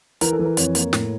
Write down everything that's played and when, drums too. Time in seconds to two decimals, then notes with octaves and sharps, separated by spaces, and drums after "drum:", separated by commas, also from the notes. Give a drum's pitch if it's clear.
0.21 E3 A#4, drum: hi-hat
0.33 A4
0.39 E3
0.45 A#4
0.57 F2 C#5, drum: hi-hat
0.75 A#3, drum: hi-hat
0.93 A2, drum: snare